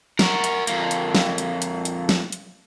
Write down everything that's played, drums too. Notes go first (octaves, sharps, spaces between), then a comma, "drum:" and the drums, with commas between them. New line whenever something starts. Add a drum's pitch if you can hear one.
F#4 A#4, drum: snare
drum: hi-hat
F2 A#3, drum: hi-hat
drum: hi-hat
drum: snare
drum: hi-hat
drum: hi-hat
drum: hi-hat
drum: snare
drum: hi-hat